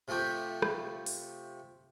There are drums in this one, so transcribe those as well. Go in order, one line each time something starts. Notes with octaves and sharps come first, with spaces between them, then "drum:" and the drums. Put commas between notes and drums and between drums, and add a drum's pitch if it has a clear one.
C3 F3 A3 G4
drum: rim click
drum: open hi-hat